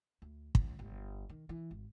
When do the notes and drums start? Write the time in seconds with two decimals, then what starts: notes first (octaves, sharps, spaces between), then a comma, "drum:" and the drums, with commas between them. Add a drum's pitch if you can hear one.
0.22 D2
0.55 C#2, drum: kick
0.79 G1
1.29 D#3
1.49 E3
1.71 G#1